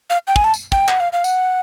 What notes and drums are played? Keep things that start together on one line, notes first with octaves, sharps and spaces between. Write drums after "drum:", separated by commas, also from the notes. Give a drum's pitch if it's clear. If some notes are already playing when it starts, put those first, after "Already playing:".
F5
G5
G#5, drum: kick
A5
drum: tambourine
G5, drum: kick
F#5, drum: clap
F5
F5
F#5, drum: tambourine